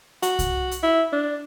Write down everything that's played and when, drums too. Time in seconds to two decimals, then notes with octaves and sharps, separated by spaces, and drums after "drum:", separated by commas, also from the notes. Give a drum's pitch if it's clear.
0.22 F#4, drum: hi-hat
0.39 drum: kick C2, hi-hat
0.71 drum: hi-hat
0.83 E4
1.12 D4